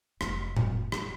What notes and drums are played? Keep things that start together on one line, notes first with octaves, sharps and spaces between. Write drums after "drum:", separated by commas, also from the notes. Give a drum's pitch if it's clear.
F1, drum: rim click
drum: tom A2
drum: rim click